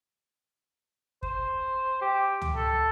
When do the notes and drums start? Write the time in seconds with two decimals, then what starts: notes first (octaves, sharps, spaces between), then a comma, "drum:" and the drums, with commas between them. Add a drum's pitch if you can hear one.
1.23 C5, drum: kick
2.01 G4
2.42 drum: tom C#2
2.56 A4